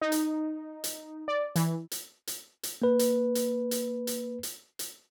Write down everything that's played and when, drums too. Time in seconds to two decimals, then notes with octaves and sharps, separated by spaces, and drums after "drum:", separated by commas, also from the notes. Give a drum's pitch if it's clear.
0.01 D#4
0.12 drum: hi-hat
0.84 drum: hi-hat
1.28 D5
1.56 E3, drum: hi-hat
1.91 drum: hi-hat
2.27 drum: hi-hat
2.63 drum: hi-hat
2.82 A#3 B4
2.99 drum: hi-hat
3.35 drum: hi-hat
3.71 drum: hi-hat
4.07 drum: hi-hat
4.43 drum: hi-hat
4.79 drum: hi-hat